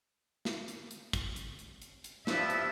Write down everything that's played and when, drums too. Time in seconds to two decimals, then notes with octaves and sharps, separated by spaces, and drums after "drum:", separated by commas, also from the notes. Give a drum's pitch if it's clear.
0.45 drum: snare
0.68 drum: hi-hat
0.91 drum: hi-hat
1.13 drum: kick, hi-hat
1.36 drum: hi-hat
1.59 drum: hi-hat
1.82 drum: hi-hat
2.04 drum: hi-hat
2.27 G2 F3 E5, drum: snare
2.50 drum: hi-hat